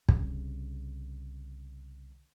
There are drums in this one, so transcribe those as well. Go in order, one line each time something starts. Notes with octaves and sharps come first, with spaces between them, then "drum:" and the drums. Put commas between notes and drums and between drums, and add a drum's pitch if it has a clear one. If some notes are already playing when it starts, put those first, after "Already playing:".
C2 C#3, drum: kick